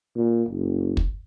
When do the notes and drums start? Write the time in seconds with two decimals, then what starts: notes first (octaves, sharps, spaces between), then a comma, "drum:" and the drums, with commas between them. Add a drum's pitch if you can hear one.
0.16 A#2
0.49 F#1
0.97 drum: kick